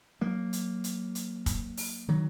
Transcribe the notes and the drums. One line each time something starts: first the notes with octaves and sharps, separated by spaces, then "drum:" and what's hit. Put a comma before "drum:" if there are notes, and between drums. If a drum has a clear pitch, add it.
F#3 A#3
drum: hi-hat
drum: hi-hat
drum: hi-hat
drum: kick, hi-hat
drum: open hi-hat
D#3 F#3